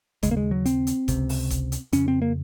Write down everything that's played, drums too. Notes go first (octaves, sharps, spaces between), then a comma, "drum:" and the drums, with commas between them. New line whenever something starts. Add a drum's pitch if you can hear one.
D#2 C#3 G#3, drum: kick G1, hi-hat
A#3
G#3
F#3
C4, drum: hi-hat
drum: hi-hat
C#2 C3, drum: kick G1, hi-hat
drum: open hi-hat
drum: kick G1, hi-hat
drum: hi-hat
F2 C#3 C#4, drum: hi-hat
C4
A#3